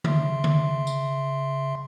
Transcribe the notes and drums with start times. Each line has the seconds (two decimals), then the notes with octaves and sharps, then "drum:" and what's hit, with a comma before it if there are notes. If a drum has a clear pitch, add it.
0.04 C#3 E5 C6, drum: tom D3
0.44 drum: tom D3
0.87 drum: tambourine